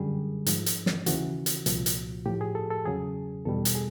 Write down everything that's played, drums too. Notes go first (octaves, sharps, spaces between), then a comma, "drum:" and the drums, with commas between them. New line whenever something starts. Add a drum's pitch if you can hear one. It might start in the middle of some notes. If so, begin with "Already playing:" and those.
Already playing: F#2 D3 G3 G#4
G#2 F3, drum: hi-hat
drum: hi-hat
drum: snare
D#2 C#3 E3 F#4, drum: hi-hat
drum: hi-hat
C2 A#2 F3, drum: hi-hat
drum: hi-hat
A2 F3 G4
G#4
A4
A4
E2 C#3 F#3 G#4
E2 B2 G3 A4
drum: hi-hat
G#4